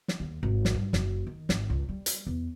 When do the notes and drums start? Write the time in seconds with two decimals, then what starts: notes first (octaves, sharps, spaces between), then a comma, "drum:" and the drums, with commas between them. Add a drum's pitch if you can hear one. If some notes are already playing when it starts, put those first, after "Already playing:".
0.08 drum: snare
0.20 D#2
0.43 G#1
0.65 drum: snare
0.75 G2
0.93 F#1, drum: snare
1.27 D#3
1.49 G#1, drum: snare
1.70 C#2
1.89 G3
2.06 drum: hi-hat
2.27 E2